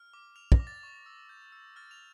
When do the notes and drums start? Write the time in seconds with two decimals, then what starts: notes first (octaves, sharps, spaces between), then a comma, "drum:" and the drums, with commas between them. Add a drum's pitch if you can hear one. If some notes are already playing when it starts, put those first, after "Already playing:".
Already playing: F6
0.14 D6
0.36 F6 F7
0.52 A#6, drum: kick
0.60 D6
0.67 A6
0.83 C#6
1.06 E6
1.29 G6
1.52 E6
1.76 F6 A6
1.91 F7